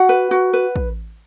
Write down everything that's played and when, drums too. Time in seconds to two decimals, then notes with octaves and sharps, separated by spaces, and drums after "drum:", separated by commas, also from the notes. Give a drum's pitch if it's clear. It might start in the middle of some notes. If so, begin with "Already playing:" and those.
Already playing: F#4 F#5
0.09 B4
0.31 F#4
0.53 B4
0.76 drum: kick